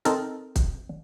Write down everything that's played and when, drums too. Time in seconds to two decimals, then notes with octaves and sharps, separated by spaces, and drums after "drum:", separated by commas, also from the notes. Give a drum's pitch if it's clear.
0.05 C4 D#4 A4 A#4, drum: hi-hat
0.56 drum: kick, hi-hat